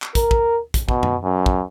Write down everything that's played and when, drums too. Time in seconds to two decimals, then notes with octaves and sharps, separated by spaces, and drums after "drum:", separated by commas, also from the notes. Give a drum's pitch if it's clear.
0.02 drum: clap
0.15 A#4, drum: kick, hi-hat
0.31 drum: kick
0.74 drum: kick, hi-hat
0.89 B2, drum: kick
1.03 drum: tom F#2
1.23 F#2
1.46 drum: kick